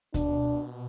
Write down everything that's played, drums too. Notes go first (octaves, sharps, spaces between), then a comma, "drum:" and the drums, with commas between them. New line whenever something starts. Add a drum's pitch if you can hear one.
B2 D4, drum: kick D2, hi-hat